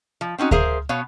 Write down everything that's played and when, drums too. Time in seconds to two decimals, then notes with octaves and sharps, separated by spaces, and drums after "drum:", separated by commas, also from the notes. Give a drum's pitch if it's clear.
0.21 F3
0.38 C4 C#4 D#4 F#4
0.51 G#4 A#4 C5 E5 F5 A#5, drum: kick D2
0.89 B2 B3 C#5 F5